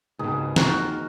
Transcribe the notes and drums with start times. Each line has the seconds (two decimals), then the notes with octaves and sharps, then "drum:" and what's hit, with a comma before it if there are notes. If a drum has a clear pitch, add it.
0.19 C#2 G#2 B2 D#3 G#4
0.56 D#2 D#3 F3 F#4 A#4, drum: snare